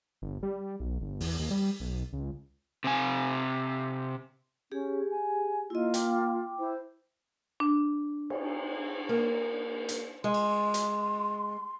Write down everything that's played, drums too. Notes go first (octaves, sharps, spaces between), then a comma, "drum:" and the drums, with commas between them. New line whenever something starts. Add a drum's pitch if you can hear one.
G1
G3
B1
G1
E2, drum: open hi-hat
D#2
G3
B1
C#2
C3 G#5
C#4 G4 G#4
G#5
A#3 E4 F4 D#5
G5 D6, drum: hi-hat
E4 C5
D4
drum: cymbal
A#3
drum: hi-hat
G#3 C6
drum: cymbal
drum: hi-hat